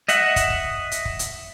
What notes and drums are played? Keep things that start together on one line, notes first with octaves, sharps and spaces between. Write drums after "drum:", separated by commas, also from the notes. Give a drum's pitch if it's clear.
D#5 E5 F#5, drum: hi-hat
drum: kick, hi-hat
drum: kick
drum: hi-hat
drum: kick
drum: hi-hat